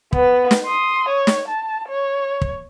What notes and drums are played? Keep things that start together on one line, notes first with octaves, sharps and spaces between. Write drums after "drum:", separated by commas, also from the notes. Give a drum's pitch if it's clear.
B3 B4, drum: kick
drum: snare
C6 D#6
C#5
drum: snare
A5
C#5
drum: kick